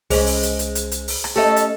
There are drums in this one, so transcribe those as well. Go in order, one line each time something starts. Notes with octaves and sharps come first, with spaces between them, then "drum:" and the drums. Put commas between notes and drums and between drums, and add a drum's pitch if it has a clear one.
C2 G#3 C#4 G#4 C5, drum: open hi-hat
drum: open hi-hat
drum: hi-hat
drum: hi-hat
drum: hi-hat
drum: hi-hat
drum: open hi-hat
drum: rim click
A3 C#4 G4 A4 D#5 E5
drum: hi-hat